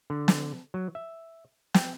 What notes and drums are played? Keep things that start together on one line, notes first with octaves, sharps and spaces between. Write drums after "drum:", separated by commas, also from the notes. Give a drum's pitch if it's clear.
D3
drum: snare
F#3
E5
G5, drum: snare